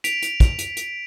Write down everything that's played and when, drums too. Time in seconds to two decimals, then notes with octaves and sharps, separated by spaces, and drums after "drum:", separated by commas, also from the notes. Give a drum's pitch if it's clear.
0.04 B6 D7 F7, drum: hi-hat
0.22 drum: hi-hat
0.40 drum: kick, hi-hat
0.58 drum: hi-hat
0.77 drum: hi-hat